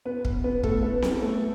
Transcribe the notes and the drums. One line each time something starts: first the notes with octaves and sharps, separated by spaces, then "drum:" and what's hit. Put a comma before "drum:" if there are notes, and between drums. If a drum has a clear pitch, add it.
B3 B4
drum: kick
B3 B4
A3 A4, drum: kick
B3 B4
drum: snare C4
A3 A4